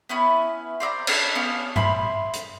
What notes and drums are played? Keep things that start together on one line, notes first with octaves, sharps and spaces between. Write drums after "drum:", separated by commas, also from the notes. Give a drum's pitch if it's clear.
B3 C#4 E4 B4
C5 D5 E5 A#5
C#4 D4 A4 B5, drum: cymbal
B3 C#4 F5
E5 B5 C6, drum: tom G2
drum: hi-hat